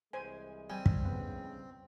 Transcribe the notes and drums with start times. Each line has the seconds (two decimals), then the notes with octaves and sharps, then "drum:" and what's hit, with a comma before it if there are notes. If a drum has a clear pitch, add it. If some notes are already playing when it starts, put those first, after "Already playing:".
0.13 C2 E3 G#3 C5 G#5
0.70 G3 C4 G#5
0.86 drum: kick
1.05 F2 G#2 C#3 B3